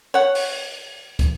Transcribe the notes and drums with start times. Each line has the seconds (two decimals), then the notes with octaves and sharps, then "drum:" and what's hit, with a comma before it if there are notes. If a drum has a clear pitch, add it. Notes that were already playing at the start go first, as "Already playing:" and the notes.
0.14 C#5 F#5
0.35 drum: open hi-hat
1.19 drum: kick, hi-hat